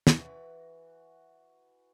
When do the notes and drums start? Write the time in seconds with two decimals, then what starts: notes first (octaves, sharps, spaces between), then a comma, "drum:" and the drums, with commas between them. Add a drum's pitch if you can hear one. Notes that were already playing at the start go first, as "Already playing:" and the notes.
0.07 E3 F#4, drum: snare